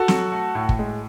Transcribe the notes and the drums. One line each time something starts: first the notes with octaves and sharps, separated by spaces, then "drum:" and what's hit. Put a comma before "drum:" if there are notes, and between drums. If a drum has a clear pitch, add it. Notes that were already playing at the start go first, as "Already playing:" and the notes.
Already playing: F#4 A4
F#3, drum: snare
A3
A2
drum: kick
G#3